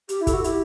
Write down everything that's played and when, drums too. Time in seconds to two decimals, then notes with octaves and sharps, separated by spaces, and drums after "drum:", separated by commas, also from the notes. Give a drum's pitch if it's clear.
0.09 G4, drum: hi-hat
0.21 E4
0.27 A4, drum: kick, hi-hat
0.33 F#4
0.44 E4 G4, drum: hi-hat